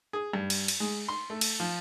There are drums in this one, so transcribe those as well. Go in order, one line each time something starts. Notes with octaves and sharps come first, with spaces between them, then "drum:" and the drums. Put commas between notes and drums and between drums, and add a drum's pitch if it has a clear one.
G#4
G2
drum: cymbal
drum: cymbal
G#3
C6
A3
drum: cymbal
F3